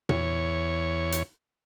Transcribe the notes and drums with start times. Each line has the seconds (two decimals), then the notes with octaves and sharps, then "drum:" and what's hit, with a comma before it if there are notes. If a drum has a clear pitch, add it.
0.09 E2 C#5, drum: tom A#2
1.12 drum: hi-hat